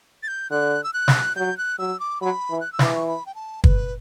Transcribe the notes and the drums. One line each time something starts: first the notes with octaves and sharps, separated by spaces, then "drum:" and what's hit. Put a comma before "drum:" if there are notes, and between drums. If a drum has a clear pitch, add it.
A6
G6
D3 F#6
E6
F#6
drum: snare
F#3 G6
F#6
F#3 E6
D6
F#3 B5
E3
F#6
E6
E3 D6, drum: snare
C#6
B5
G5
A5
B4, drum: kick